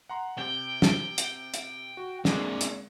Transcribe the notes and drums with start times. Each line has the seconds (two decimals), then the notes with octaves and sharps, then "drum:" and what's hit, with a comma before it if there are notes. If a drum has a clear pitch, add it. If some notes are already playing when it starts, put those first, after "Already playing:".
0.09 F#5 A#5 C6
0.38 C3 G5
0.82 drum: snare
1.18 drum: hi-hat
1.54 drum: hi-hat
1.97 F#4
2.25 D3 G#3 A#3 C4 D4, drum: snare
2.61 drum: hi-hat